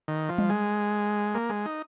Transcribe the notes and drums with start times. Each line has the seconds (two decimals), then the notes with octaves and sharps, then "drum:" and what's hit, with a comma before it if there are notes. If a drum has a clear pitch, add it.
0.08 D#3
0.29 F3
0.38 drum: tom G3
0.50 G#3
1.35 A#3
1.50 G#3
1.66 D#4